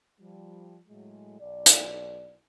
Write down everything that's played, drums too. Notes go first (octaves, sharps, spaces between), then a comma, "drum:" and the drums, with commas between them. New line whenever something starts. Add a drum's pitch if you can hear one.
F3 G3
A2 F#3 G#3
B1 D5
drum: hi-hat